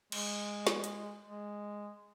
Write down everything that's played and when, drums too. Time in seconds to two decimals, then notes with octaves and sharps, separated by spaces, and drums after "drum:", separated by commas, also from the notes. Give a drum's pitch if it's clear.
0.12 G#3, drum: cymbal
0.67 drum: snare
0.84 drum: hi-hat
1.29 G#3